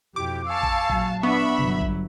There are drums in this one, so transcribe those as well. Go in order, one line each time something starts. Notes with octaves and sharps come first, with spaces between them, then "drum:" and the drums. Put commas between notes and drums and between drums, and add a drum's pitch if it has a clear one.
F2 B2 E4 G4 D6
F5 G#5 A5 C#6 E6
drum: kick A1
A#1 F#3, drum: kick A1
B3 D4 E5 B5 C#6
G1 F#3, drum: tom B2
drum: kick A1